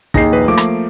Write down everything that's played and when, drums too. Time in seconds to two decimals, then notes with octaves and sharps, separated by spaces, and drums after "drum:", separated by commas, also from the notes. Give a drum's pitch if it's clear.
0.14 D#2 D#4 G#4 A#6 C7, drum: kick
0.32 A#1 B4
0.48 F3 A3 A#3 D6
0.57 drum: rim click